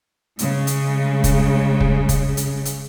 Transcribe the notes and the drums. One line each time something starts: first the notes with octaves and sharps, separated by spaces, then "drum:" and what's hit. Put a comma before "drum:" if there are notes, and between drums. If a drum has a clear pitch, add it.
C#3 G#3, drum: hi-hat
drum: hi-hat
drum: kick, hi-hat
drum: kick
drum: kick, hi-hat
drum: hi-hat
drum: hi-hat